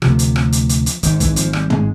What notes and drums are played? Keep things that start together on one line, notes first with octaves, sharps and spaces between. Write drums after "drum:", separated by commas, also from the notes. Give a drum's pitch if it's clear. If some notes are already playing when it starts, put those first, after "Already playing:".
D2 C3 F3, drum: rim click
drum: hi-hat
drum: rim click
drum: hi-hat
drum: hi-hat
drum: hi-hat
G#1 G#2 D#3, drum: hi-hat
E3, drum: kick, hi-hat
F3, drum: hi-hat
G3, drum: rim click
G#3, drum: tom